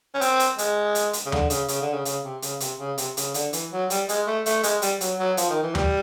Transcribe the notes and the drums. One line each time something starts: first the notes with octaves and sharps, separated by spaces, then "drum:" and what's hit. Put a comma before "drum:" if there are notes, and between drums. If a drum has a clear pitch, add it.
C#4
C4, drum: hi-hat
drum: hi-hat
G#3, drum: hi-hat
drum: hi-hat
drum: hi-hat
C#3
D3, drum: tom D#2
C#3, drum: hi-hat
C#3, drum: hi-hat
D3
C#3
C#3, drum: hi-hat
C3
C#3, drum: hi-hat
C3, drum: hi-hat
C#3
C3, drum: hi-hat
C#3, drum: hi-hat
D3, drum: hi-hat
E3, drum: hi-hat
F#3
G3, drum: hi-hat
G#3, drum: hi-hat
A3
A3, drum: hi-hat
G#3, drum: hi-hat
G3, drum: hi-hat
F#3, drum: hi-hat
F#3
F3, drum: hi-hat
D#3
E3
G3, drum: tom D#2